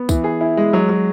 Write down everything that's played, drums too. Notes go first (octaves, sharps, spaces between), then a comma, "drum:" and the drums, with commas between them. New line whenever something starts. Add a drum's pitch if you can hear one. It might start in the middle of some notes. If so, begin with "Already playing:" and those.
Already playing: B3
E3, drum: kick, tambourine
G#4
E4
G#3
F#3
F#3